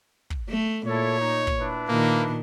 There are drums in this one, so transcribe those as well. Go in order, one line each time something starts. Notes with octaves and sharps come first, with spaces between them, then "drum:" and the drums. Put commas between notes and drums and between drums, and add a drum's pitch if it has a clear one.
drum: kick
A3
A#2 E4 A4 C#5
D#4
drum: kick
D4 E4 B4
A#2 D#3 A#3